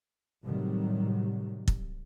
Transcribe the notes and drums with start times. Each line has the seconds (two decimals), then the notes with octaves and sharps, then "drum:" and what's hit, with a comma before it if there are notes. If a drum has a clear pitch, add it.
0.44 A2 C3 D#3 F#3 G3
1.68 drum: kick